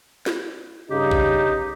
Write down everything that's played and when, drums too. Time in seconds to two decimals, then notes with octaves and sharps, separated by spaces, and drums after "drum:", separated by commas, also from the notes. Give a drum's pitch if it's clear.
0.26 drum: snare
0.90 G2 C#3 D#4 G4
1.11 drum: kick A#1